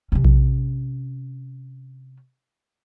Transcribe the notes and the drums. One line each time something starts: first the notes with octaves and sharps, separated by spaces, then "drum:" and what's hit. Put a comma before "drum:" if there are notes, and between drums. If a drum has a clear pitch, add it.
C3 C#4
drum: kick A#1